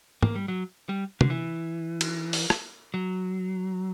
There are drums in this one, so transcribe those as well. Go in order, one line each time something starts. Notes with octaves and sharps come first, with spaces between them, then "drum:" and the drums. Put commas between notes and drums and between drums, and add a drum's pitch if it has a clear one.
A#3, drum: tom
G3
F#3
G3
D3, drum: tom
E3
drum: cymbal
drum: open hi-hat
drum: rim click
F#3